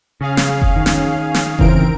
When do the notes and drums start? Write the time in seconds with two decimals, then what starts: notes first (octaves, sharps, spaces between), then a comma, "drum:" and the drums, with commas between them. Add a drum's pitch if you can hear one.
0.21 C#3 C#4 G#4 F5
0.37 drum: snare
0.62 drum: kick F#1
0.76 D#3
0.86 drum: snare
1.34 drum: snare
1.59 C#3 E3 C4 A#4 D7, drum: kick F#1